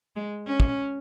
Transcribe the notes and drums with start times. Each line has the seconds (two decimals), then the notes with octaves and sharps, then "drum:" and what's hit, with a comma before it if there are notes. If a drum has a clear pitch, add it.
0.16 G#3
0.47 C#4
0.60 drum: kick